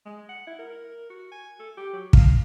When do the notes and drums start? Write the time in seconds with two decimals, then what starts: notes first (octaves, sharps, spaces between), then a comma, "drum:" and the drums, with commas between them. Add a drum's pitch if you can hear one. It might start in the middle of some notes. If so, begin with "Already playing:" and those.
0.05 G#3
0.29 F#5
0.47 E4
0.59 A#4
1.10 F#4
1.32 G#5
1.59 A4
1.77 G4
1.93 F#3
2.13 F5, drum: kick